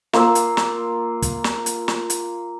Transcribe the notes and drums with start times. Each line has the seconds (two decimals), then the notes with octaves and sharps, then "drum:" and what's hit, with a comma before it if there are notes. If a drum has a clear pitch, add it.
0.13 A#3 F4 A#4 E6, drum: snare
0.35 drum: hi-hat
0.57 drum: snare
1.22 drum: kick, hi-hat
1.44 drum: snare
1.66 drum: hi-hat
1.88 drum: snare
2.10 drum: hi-hat